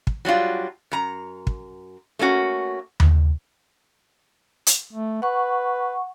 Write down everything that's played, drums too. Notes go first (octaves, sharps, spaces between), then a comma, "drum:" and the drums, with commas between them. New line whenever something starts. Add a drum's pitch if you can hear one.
drum: kick
F#3 G3 D4 F4
F#2 A#5
drum: kick
A3 A#3 C#4 F#4
drum: tom D#2
drum: hi-hat
A3
B4 F#5 C#6